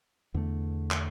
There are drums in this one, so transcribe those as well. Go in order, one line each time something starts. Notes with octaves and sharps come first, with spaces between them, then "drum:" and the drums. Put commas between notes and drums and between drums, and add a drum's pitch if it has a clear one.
E2 D3 A3
drum: clap